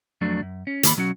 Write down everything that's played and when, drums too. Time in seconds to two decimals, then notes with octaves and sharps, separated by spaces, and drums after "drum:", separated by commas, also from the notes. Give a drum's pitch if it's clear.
0.21 F2 F#3 A3 D4
0.42 F#2
0.67 C#4
0.83 D#3 A#3 A5 B5, drum: hi-hat
0.97 B1 F#3 C#4 F#4